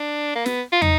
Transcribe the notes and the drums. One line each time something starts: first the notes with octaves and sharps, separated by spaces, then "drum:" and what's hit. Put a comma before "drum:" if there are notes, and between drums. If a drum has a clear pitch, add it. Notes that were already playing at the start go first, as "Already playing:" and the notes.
Already playing: D4
A#3
B3, drum: snare
F4
D#4, drum: tom